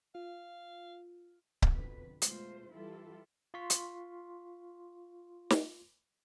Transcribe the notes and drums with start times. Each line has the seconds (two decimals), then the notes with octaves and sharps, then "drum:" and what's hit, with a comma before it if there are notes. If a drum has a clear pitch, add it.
0.15 F4 F5
1.62 drum: kick C#1
1.75 F2 B2 D3 B4
2.22 B2 G#3 A3 F4 C5, drum: hi-hat
2.72 E3 G3 E4 F4 G4 A4
3.54 F4 C6 C#6 B6
3.70 drum: hi-hat
5.50 drum: snare